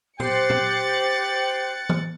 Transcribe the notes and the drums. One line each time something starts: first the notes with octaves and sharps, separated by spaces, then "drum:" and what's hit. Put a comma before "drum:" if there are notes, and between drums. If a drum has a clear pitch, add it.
G4 C5 G5 F#6 A6 C7 C#7, drum: tom A#2
drum: tom A#2
drum: tom E3